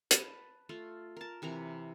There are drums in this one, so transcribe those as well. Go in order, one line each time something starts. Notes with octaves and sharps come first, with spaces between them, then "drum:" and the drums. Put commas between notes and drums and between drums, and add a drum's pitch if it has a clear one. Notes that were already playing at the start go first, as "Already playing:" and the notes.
B4 A5, drum: hi-hat
A3 F4
A#4 A5
C3 E3 A#4 A#5